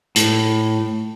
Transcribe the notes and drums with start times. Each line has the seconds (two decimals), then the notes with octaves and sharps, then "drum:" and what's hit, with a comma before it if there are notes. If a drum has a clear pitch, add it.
0.16 A2, drum: hi-hat